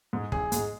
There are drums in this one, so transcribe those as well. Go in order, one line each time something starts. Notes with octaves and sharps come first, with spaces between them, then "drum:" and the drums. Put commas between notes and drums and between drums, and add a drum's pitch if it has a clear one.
G#2 G#3
A1 G#4, drum: kick
G#2 G#3, drum: hi-hat